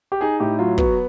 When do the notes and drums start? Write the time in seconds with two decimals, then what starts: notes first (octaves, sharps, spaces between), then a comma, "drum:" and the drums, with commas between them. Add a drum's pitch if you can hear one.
0.12 G4
0.21 D#4 G#4
0.40 A2 G4
0.59 F#3 F4
0.78 B3 F#4, drum: kick